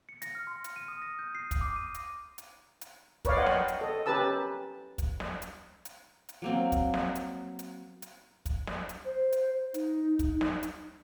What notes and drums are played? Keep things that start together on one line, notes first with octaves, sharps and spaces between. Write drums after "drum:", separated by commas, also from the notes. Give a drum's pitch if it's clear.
C#7
A#6, drum: hi-hat
F6
C6
drum: hi-hat
D#7
D#6
A#6
G6
C7
drum: kick, hi-hat
D6
D#7
drum: hi-hat
drum: hi-hat
drum: hi-hat
A#4 B4 C#5 D5 F5, drum: kick, hi-hat
D#5 F#5 G5 C6
drum: snare
drum: hi-hat
A4 D#5
C#4 G4 A#4 B4 A5 E6
drum: kick, hi-hat
drum: snare
drum: hi-hat
drum: hi-hat
drum: hi-hat
F#3 A#3 C4
drum: kick, hi-hat
drum: snare
drum: hi-hat
drum: hi-hat
drum: hi-hat
drum: kick, hi-hat
drum: snare
drum: hi-hat
C5
drum: hi-hat
D#4, drum: hi-hat
drum: kick, hi-hat
drum: snare
drum: hi-hat